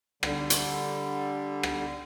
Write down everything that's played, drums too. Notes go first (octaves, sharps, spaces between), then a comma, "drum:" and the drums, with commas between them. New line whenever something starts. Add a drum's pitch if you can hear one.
D3 G3, drum: rim click
drum: hi-hat
drum: rim click